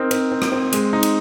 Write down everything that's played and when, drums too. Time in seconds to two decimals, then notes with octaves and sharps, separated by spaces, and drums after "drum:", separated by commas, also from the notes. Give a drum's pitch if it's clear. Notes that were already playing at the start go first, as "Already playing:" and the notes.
Already playing: C4 D#4 A#4
0.11 C4, drum: cymbal
0.32 C4
0.42 drum: rim click
0.52 C4
0.73 G#3, drum: cymbal
0.93 D#4
1.03 drum: cymbal